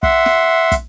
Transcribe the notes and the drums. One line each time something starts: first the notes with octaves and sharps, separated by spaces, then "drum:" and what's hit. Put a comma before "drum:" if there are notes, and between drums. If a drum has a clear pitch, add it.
E5 F#5 C6, drum: kick
drum: snare
drum: kick, hi-hat